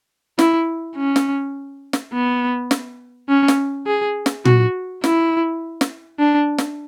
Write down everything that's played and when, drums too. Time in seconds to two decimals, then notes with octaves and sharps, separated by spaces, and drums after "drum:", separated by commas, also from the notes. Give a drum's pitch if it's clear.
0.39 E4, drum: snare
0.96 C#4
1.16 drum: snare
1.93 drum: snare
2.13 B3
2.71 drum: snare
3.29 C#4
3.48 drum: snare
3.87 G#4
4.26 drum: snare
4.45 F#4, drum: tom A#2
5.04 E4, drum: snare
5.81 drum: snare
6.20 D4
6.58 drum: snare